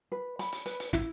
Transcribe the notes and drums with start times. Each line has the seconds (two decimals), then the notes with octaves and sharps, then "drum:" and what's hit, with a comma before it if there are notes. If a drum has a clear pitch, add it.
0.12 B4
0.39 B5, drum: hi-hat
0.52 drum: hi-hat
0.66 B4, drum: hi-hat
0.80 drum: hi-hat
0.93 E4, drum: snare